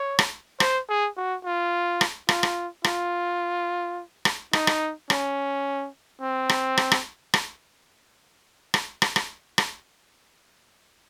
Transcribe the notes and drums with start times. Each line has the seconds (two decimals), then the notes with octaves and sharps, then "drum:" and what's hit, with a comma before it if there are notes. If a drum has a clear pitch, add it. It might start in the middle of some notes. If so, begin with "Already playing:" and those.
Already playing: C#5
0.19 drum: rim click
0.60 C5, drum: rim click
0.89 G#4
1.17 F#4
1.45 F4
2.01 drum: rim click
2.29 F4, drum: rim click
2.43 drum: rim click
2.84 F4, drum: rim click
4.25 drum: rim click
4.53 D#4, drum: rim click
4.67 drum: rim click
5.10 C#4, drum: rim click
6.21 C4
6.49 drum: rim click
6.78 drum: rim click
6.92 drum: rim click
7.34 drum: rim click
8.74 drum: rim click
9.02 drum: rim click
9.16 drum: rim click
9.58 drum: rim click